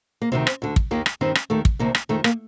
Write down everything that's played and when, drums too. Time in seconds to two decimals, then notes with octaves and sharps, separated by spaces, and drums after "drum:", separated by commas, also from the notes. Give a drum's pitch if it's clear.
0.22 A#3
0.32 D2 C3 D#3 C4
0.47 drum: rim click
0.62 D2 D3
0.76 drum: kick
0.91 D#2 D#3 A#3
1.06 drum: rim click
1.21 G2 D#3 C4
1.35 drum: rim click
1.50 D#2 D#3 A3
1.65 drum: kick
1.79 D2 C3 D#3 A#3
1.95 drum: rim click
2.09 F2 D#3 A3
2.24 A#3, drum: rim click